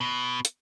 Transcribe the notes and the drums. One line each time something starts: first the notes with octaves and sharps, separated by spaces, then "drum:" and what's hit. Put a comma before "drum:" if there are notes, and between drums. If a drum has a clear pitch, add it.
B2
drum: hi-hat